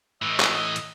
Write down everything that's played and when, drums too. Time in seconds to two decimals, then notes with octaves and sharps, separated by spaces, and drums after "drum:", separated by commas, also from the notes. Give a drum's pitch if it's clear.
0.22 A2 E3 D#5 E6
0.40 drum: clap
0.76 drum: hi-hat